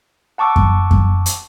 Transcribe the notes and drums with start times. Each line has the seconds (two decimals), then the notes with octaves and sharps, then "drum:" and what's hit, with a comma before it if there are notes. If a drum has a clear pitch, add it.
0.38 F#5 A5 C#6 D6 E6
0.56 drum: kick F#2
0.91 drum: kick F#2
1.26 drum: hi-hat